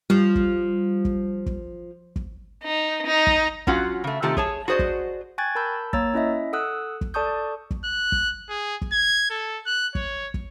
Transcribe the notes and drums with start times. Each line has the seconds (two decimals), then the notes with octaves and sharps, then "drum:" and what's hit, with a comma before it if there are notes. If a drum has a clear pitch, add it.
0.10 F3 G3
0.35 drum: kick
1.05 drum: kick
1.46 drum: kick
2.16 drum: kick
2.64 D#4
3.06 D#4
3.27 drum: kick
3.67 F#3 C#4 F4 F#4 F#5, drum: kick
4.04 C#3 A3
4.22 C3 D#3 A3 F4 G4 A4
4.37 G#4 C#5 A5, drum: kick
4.68 F#4 G#4 C5 D5 D#5
4.79 drum: kick
5.38 G5 G#5 C#6 F#6 G#6 A6
5.55 A#4 A5 B5 E6 G6
5.93 A#3 C#5 A#5 E6 A6, drum: kick
6.14 C#4 E4 D#5 E5
6.53 A4 F#5 D#6 E6 F#6
7.01 drum: kick
7.14 A4 D5 A5 C#6 D#6 G6
7.71 drum: kick
7.84 F#6
8.12 drum: kick
8.50 G#4
8.82 drum: kick
8.92 G#6
9.30 A4
9.66 F#6
9.95 C#5, drum: kick
10.34 drum: kick